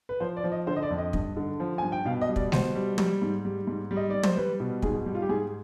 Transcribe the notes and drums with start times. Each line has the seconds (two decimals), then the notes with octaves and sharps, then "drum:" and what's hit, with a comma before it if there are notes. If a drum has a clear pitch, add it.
0.09 B4
0.20 F3 C5
0.37 D5
0.44 F3
0.52 D#5
0.67 D3 C5
0.76 D#5
0.83 D5
0.91 F2
0.98 D#5
1.13 G2, drum: kick
1.37 D3
1.60 F3
1.78 G2 G#5
1.92 G5
2.05 B2 F5
2.21 D#5
2.29 G3
2.36 D5, drum: kick
2.52 B2 C5, drum: snare
2.75 G3
2.98 G3, drum: tom
3.22 G#2
3.45 G3
3.67 G#2
3.91 G3
3.97 D#5
4.10 G3 D5
4.23 C5, drum: tom
4.37 G3 B4
4.60 B2
4.82 G#2 G#4, drum: kick
5.06 G3
5.15 F4
5.22 G4
5.29 G#2 G#4